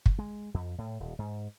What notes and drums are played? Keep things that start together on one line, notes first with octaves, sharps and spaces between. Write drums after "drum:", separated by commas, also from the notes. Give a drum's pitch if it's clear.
drum: kick
G#3
F2
A2
D#1
G#2